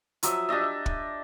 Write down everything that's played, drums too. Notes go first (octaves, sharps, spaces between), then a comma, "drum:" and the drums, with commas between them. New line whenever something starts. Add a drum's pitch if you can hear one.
F3 F#3 E5 D#6, drum: hi-hat
D4 G4 D#5 E5
drum: kick